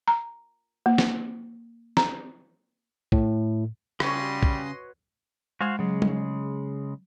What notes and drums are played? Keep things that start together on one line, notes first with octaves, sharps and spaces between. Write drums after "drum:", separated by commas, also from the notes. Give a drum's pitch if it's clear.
A#5
A#3
drum: snare
A#5, drum: snare
A2, drum: kick B1
C#3 G3 F#4 B4 C#5 D#5 C6, drum: rim click
drum: kick B1
G#3 F#4 C5 F5 D#6 G#6
C#3 F#3 G#3
drum: tom G3